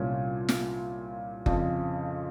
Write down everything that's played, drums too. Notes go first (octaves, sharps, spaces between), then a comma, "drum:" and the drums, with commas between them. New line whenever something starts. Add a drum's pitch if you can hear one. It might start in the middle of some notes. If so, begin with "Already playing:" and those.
Already playing: C2 A#2 G3 C#4 F4
drum: snare
F2 C#3 F3, drum: kick F#1